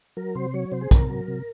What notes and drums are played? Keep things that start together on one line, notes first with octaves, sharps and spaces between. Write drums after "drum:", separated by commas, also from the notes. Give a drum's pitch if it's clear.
F#3 A#4
C3 C5
F#3 C#5
C3 C5
G#4
C3 A#4, drum: kick, hi-hat
F#3
C3